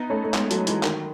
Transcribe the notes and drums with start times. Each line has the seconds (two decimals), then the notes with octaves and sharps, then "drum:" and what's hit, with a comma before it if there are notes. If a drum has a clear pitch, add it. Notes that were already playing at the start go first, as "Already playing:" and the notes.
Already playing: B3 D#4
0.10 A3 C#4
0.24 A3
0.34 G#3 B3, drum: clap
0.51 F#3 A3, drum: hi-hat
0.67 E3 G#3, drum: hi-hat
0.83 D#3, drum: clap